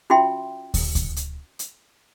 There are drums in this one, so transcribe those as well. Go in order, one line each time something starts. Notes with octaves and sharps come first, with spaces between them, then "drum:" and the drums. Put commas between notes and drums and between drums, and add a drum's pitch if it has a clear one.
C#4 F4 F#4 E5 G5 C6
drum: kick, open hi-hat
drum: kick, hi-hat
drum: hi-hat
drum: hi-hat